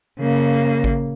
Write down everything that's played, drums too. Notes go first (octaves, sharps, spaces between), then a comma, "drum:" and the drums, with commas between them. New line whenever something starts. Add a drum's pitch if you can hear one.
C#3 A#3
drum: kick G#1